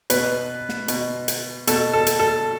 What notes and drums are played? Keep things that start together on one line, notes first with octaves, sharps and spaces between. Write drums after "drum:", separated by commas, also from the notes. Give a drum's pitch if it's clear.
B2 B4, drum: hi-hat
drum: snare
B2, drum: hi-hat
drum: hi-hat
B2 A4, drum: hi-hat
A4
drum: hi-hat
A4